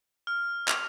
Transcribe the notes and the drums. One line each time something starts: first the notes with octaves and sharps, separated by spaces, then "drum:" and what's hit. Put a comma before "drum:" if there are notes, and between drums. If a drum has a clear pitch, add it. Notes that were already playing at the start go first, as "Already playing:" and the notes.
F6
F7, drum: clap